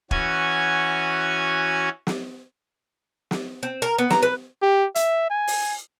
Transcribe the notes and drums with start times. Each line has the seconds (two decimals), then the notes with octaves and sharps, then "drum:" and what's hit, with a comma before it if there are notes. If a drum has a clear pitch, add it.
0.11 E3 C#4 F#4 G#5 G#6, drum: kick
2.07 drum: snare
3.31 drum: snare
3.63 C4
3.82 A#4
3.98 B3
4.10 A#5, drum: snare
4.23 B4
4.62 G4
4.95 E5, drum: hi-hat
5.30 G#5
5.47 drum: open hi-hat